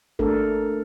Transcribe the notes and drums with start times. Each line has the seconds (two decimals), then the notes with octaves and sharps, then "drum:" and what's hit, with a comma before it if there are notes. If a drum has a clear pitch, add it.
0.19 A3 D4 A4 A#4, drum: kick G#1